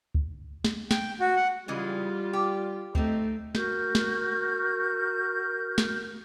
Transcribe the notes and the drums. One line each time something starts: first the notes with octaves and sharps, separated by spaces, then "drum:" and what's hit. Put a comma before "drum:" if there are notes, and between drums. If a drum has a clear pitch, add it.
drum: kick D2
drum: snare
G5, drum: snare
F#4
F#5
C#3 E3 G3 G#3 F4
G4
A3 C4 D#4, drum: kick D2
F#4 A#4 G6, drum: snare
drum: snare
drum: snare